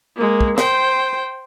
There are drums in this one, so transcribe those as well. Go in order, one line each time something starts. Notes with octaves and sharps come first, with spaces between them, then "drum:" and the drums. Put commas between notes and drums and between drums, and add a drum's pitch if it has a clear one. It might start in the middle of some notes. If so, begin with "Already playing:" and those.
G#3 A#3
drum: kick
C5 G5, drum: snare